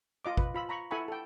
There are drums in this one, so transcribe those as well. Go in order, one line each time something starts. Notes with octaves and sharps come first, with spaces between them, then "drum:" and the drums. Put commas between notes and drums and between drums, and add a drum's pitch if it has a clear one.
F4 D#5 D6
B4, drum: kick G#1
F4 B5 E6
A#5 B5 C#6
E4 A4 F#5 G#5 B5 C#6
A4 G5